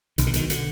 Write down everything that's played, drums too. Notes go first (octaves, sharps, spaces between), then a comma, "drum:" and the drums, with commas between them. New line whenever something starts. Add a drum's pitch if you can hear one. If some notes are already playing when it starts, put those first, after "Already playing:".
B1 D#3, drum: hi-hat
D3
B2 D#3, drum: hi-hat
D3, drum: hi-hat